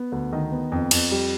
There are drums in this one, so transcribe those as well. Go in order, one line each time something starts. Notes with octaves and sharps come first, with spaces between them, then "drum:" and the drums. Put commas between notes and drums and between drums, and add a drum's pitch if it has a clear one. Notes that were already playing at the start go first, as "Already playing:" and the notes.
Already playing: B3
D2
D#3 D#5
B3
F2
F2, drum: cymbal
G3